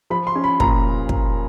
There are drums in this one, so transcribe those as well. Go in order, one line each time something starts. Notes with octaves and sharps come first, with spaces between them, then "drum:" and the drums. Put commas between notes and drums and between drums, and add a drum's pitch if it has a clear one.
F3 B5
C6
C#4
B5
A#2 A#5, drum: kick
drum: kick